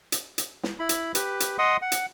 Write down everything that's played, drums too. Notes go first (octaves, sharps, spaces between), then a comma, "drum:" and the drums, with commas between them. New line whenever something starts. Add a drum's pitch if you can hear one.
drum: hi-hat
drum: hi-hat
drum: snare
E4 B5
drum: hi-hat
G4 B4, drum: hi-hat
drum: hi-hat
D#5 F#5 C6 D#6
F#5
drum: hi-hat